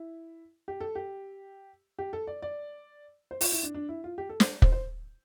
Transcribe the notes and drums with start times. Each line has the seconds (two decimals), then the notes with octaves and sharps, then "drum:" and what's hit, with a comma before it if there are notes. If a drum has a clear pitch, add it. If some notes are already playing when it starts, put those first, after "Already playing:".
Already playing: E4
0.68 G4
0.80 A4
0.95 G4
1.99 G4
2.13 A4
2.27 D5
2.42 D5
3.31 C5
3.41 F4, drum: open hi-hat
3.52 E4
3.63 D4
3.74 D4
3.89 E4
4.04 F4
4.18 G4
4.29 A4
4.40 C5, drum: snare
4.62 C5, drum: kick
4.72 C5